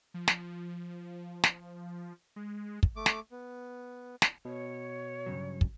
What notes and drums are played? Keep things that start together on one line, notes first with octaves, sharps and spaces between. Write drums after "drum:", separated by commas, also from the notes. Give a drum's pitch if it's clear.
F3
drum: snare
drum: snare
G#3
drum: kick
A3 D6
drum: snare
B3
drum: snare
B2 C#5
G2 C#3 F#3
drum: kick